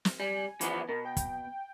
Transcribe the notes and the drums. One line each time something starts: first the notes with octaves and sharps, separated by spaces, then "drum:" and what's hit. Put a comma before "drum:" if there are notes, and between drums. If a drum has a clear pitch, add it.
drum: snare
G3 G#5
E3 F3 B3, drum: hi-hat
B2 A#4
G5
drum: kick, hi-hat